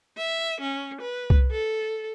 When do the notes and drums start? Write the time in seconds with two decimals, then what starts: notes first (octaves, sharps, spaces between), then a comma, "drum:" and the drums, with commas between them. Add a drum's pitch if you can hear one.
0.17 E5
0.61 C#4
1.01 B4
1.30 drum: kick C2
1.51 A4